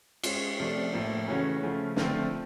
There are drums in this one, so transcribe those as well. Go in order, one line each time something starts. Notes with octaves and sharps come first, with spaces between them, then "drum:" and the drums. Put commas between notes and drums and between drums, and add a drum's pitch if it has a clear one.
G#3 C#4 F4, drum: cymbal
C3 F3 A3 D4
A2 F3 A#3
C#3 E3 A3 C#4 F#4
C#3 F3 A3
D3 F3 A3 C4, drum: snare